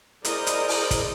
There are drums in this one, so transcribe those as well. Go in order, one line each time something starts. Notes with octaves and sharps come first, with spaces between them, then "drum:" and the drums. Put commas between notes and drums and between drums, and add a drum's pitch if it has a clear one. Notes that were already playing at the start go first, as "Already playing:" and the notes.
E4 G#4 A#4 C5 D5 D#5, drum: hi-hat
drum: hi-hat
drum: open hi-hat
drum: kick, hi-hat